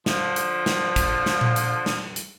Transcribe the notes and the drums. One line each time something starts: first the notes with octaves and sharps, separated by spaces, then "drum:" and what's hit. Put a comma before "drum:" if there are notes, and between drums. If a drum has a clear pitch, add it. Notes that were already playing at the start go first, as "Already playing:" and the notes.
D3 F3, drum: snare
drum: hi-hat
drum: snare
drum: kick, hi-hat
drum: snare
drum: tom A#2
drum: hi-hat
drum: snare
drum: hi-hat